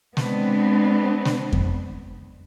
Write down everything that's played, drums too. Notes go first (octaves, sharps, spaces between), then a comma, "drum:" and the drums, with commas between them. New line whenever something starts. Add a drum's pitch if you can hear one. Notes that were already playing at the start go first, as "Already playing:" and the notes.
G#3 B3 C4 D4, drum: snare
drum: snare
drum: kick F2